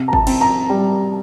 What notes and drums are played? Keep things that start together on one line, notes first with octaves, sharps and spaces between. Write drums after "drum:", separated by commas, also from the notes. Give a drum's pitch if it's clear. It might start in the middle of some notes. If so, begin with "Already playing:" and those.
Already playing: C3
A#5
A5, drum: kick
C4, drum: cymbal
A#5
G3